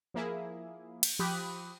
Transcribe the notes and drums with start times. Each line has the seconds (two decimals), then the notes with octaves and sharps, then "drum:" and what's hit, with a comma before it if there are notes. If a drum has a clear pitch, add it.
0.14 F3 A#3 E4 G#4
1.03 drum: cymbal
1.19 F3 G4 B5 D#6 F#6